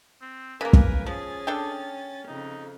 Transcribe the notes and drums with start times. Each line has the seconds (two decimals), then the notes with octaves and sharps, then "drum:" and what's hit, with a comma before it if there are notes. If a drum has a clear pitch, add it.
0.22 C4
0.61 C#3 A#3 A#4 B4 G#5
0.73 drum: kick
1.06 F3 C#4 G#4 A6
1.47 D4 A4 G5
2.28 F2 C#3 D#4